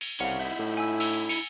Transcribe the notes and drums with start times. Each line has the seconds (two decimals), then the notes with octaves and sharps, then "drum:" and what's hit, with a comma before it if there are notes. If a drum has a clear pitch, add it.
0.01 drum: cymbal
0.20 C2 C#4 F5 F#5
0.40 D#4 E4
0.59 A2
0.77 G#5 E6
1.00 E6, drum: cymbal
1.13 drum: cymbal
1.29 C#7, drum: cymbal